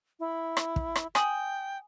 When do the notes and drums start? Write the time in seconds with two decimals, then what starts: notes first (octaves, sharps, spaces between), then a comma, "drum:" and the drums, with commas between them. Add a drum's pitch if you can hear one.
0.20 E4
0.57 drum: rim click
0.76 drum: kick
0.96 drum: rim click
1.15 G5 G#5 D#6 F#7, drum: rim click